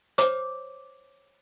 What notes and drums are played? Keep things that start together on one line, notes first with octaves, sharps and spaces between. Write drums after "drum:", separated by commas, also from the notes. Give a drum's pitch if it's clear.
C5 C#5 D6, drum: hi-hat